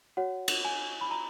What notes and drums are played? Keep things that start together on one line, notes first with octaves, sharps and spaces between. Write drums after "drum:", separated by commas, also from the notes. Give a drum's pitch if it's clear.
F#4 C#5 F#5
drum: cymbal
G#5
B5
A#5